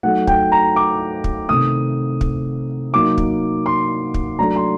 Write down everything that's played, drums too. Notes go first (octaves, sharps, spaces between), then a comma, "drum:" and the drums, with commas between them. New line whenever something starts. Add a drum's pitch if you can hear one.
F#3 A3 D#4 F#5
G5, drum: kick
A#5
D6
drum: kick
C3 D#3 A3 D#6
drum: kick
F#3 A#3 D#4 D6
drum: kick
C6
drum: kick
F#3 A3 D4 A#5
C6